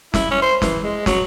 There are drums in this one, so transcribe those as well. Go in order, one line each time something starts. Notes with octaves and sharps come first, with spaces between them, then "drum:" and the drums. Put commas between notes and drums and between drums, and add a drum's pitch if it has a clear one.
E4, drum: snare
C#4
C5
E3, drum: snare
G#3
F#3, drum: snare